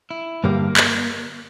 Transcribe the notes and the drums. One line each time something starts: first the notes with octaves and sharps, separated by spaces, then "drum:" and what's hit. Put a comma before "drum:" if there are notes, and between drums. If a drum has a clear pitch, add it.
E4
G2 D3 G3 A#3
drum: clap